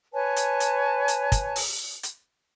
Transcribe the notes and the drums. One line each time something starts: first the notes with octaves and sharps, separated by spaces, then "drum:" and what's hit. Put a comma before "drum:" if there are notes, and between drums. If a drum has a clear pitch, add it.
B4 C#5 G#5 A5
drum: hi-hat
drum: hi-hat
drum: hi-hat
drum: kick, hi-hat
drum: open hi-hat
drum: hi-hat